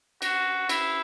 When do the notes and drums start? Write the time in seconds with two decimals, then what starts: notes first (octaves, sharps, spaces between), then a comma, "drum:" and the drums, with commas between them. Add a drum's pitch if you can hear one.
0.22 F#4, drum: cymbal
0.69 E4, drum: cymbal